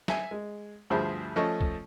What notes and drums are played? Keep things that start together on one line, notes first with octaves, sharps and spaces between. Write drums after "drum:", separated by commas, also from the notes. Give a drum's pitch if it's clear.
E5 G#5, drum: snare
G#3
D2 G2 F3 G#4 C5 E5
F3 A3 C#4 A4 D#5 C#6
drum: kick